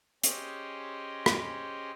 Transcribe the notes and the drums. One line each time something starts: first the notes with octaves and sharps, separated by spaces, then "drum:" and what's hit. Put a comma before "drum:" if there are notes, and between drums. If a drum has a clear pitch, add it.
C#4 G4 G#4 C5 D#5, drum: hi-hat
drum: rim click